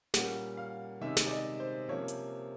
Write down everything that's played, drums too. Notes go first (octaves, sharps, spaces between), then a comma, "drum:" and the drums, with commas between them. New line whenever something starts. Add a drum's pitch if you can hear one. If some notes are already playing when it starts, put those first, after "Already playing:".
A#2 G3 A#3 C#4 F#5, drum: snare
F5
C3 D#3 G#3 C#4 E5
drum: snare
D5
D#5
C5
C3 F3 A#3 C#4 C#5
drum: hi-hat